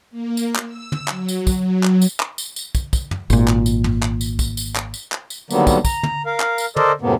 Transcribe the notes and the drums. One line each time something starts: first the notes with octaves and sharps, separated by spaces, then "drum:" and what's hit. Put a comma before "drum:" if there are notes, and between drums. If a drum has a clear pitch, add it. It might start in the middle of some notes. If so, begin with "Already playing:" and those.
A#3
drum: tambourine
drum: clap
E6
drum: tom
F#3, drum: clap
drum: tambourine
drum: kick, tambourine
F#3
drum: clap
drum: tambourine
drum: clap
drum: tambourine
drum: tambourine
drum: kick, tambourine
drum: kick, tambourine
drum: tom
G#1 A#2, drum: tambourine
drum: clap
drum: tambourine
drum: tom
drum: clap
drum: tambourine
drum: kick, tambourine
drum: tambourine
drum: clap
drum: tambourine
drum: clap
drum: tambourine
D3 D#3 F#3 G3 A#3 B3, drum: tambourine
drum: kick, tambourine
A#5, drum: kick, tambourine
drum: tom
A#4 F5
drum: clap
drum: tambourine
A4 A#4 C5 D5 D#5, drum: tom
F#2 A2 C3 A#3 B3